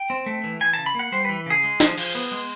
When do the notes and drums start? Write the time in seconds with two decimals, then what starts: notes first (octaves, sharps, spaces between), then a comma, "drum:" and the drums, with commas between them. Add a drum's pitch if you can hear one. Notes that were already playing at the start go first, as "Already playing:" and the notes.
Already playing: G5
0.10 C4
0.26 A3
0.44 E3
0.60 E3 G#5
0.73 C#3 A5
0.86 B5
0.95 A#3 F#5
1.12 G3 C5
1.25 E3 B4
1.46 C#3 G#4
1.63 G#3
1.80 F3, drum: snare
1.98 F3, drum: cymbal
2.15 B3
2.31 G#3